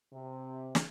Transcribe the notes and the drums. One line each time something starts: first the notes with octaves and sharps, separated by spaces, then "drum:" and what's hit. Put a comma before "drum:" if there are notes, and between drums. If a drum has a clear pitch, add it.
C3
drum: snare